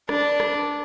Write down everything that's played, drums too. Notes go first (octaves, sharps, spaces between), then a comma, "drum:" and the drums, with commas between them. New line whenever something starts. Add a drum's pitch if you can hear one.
D4, drum: rim click
drum: rim click